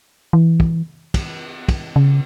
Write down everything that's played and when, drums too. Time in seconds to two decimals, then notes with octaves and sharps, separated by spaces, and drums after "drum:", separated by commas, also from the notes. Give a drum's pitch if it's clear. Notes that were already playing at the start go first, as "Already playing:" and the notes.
0.33 E3
0.60 drum: kick
1.14 drum: kick, cymbal
1.69 drum: kick, cymbal
1.96 C#3